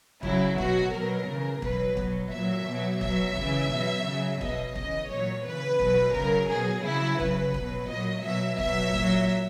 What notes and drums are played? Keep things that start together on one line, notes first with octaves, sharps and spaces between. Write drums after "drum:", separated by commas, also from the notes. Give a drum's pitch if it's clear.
C#3 F#3 E4, drum: kick
B2 F#3 F#4, drum: kick
B2 F#3 A#4
C#3 E3
B2 F#3 B4, drum: kick
B2 F#3, drum: kick
A#2 F#3 E5
B2 F#3
B2 F#3 E5, drum: kick
C#3 E3, drum: kick
B2 F#3
C#3 F#3
B2 F#3 D#5, drum: kick
C#3 E3 D#5, drum: kick
A#2 F#3 C#5
C#3 E3 B4
B2 F#3, drum: kick
C#3 F#3 A#4, drum: kick
B2 F#3 G#4
C#3 F#3 E4
C#3 F#3 B4, drum: kick
B2 F#3, drum: kick
A#2 F#3 D#5
B2 F#3 E5
B2 F#3 E5, drum: kick
A#2 F#3, drum: kick